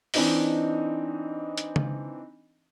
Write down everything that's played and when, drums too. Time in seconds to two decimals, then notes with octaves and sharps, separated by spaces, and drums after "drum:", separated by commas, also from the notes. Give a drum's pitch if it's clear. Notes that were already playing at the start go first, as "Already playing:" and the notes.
0.14 E3 C4 D4 D#4 D#5, drum: open hi-hat
1.58 drum: hi-hat
1.76 drum: tom C#3